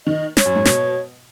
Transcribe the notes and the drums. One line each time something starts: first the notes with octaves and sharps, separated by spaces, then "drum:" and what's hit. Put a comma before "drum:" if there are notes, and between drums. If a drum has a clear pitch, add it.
D#3 D#5
C#5, drum: snare
F#2
G#2
B2, drum: snare